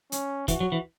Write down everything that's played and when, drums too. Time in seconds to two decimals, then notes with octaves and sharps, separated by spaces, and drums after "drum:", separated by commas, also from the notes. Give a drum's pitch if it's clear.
0.12 C#4, drum: hi-hat
0.48 E3 F#4, drum: kick, hi-hat
0.60 F#3
0.72 E3